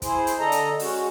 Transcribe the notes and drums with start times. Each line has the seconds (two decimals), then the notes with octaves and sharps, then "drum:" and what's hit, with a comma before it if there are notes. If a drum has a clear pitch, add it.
0.02 E4 G#4 C5, drum: kick, hi-hat
0.27 drum: hi-hat
0.39 D3 A4 D#5 A#5
0.52 drum: hi-hat
0.80 G#3 C#4 F#4, drum: open hi-hat